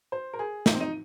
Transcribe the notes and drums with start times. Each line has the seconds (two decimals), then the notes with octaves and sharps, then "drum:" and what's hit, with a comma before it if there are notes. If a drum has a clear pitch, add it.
0.12 C5
0.33 A#4
0.39 G#4
0.66 D#4, drum: snare
0.73 C4
0.80 D#4